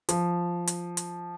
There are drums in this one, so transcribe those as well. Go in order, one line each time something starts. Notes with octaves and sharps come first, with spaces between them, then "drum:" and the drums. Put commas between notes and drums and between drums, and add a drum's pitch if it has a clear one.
F3, drum: hi-hat
drum: hi-hat
drum: hi-hat